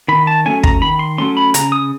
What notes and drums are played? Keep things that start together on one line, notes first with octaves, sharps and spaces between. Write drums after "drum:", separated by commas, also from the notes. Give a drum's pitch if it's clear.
D#3 B5
A5
F#3 A3 C#4 G#5
A#5, drum: kick
D#3 B5
C6
F#3 A3 C#4 C6
B5
C#3 A#5, drum: hi-hat
D#6